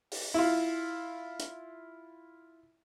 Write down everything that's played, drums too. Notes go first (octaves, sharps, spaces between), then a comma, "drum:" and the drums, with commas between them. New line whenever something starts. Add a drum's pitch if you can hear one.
drum: open hi-hat
E4 F4
drum: hi-hat